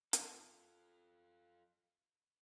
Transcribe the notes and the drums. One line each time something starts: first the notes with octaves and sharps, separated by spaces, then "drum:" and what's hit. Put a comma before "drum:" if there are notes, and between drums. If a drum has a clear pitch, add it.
F4 A4, drum: hi-hat